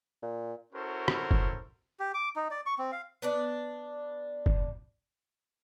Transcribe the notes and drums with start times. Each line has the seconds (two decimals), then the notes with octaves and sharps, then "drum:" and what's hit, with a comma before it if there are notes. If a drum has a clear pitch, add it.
0.23 A#2
0.74 C#4 E4 F#4 A4 A#4 C5
1.08 drum: rim click
1.31 drum: kick
2.00 G4
2.14 D6
2.36 D#4
2.51 D5
2.66 C#6
2.78 C4
2.92 F5
3.22 B3 D4 D5
4.46 drum: kick